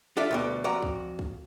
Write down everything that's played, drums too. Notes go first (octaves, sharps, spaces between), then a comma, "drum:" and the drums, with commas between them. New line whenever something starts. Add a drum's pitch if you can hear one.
D4 F4 A4 D5 E5 F5
D2 B2 G3
F2 F#4 D5 A#5
drum: kick
drum: kick